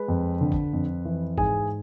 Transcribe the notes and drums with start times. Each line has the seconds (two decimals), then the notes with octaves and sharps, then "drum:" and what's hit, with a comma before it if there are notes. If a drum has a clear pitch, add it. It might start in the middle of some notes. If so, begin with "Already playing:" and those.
Already playing: G#3 B4
0.08 F2
0.41 D3
0.52 drum: kick
0.73 F2
1.05 E3
1.38 G#2 G#4 G#5, drum: kick